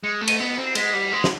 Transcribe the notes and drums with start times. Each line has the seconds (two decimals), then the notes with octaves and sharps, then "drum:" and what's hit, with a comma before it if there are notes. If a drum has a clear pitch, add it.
0.03 G#3 C#7
0.21 A3
0.28 D#7, drum: cymbal
0.40 B3
0.58 C4
0.66 C7
0.75 G#3 B6, drum: cymbal
0.93 G3
1.13 G#3
1.24 drum: snare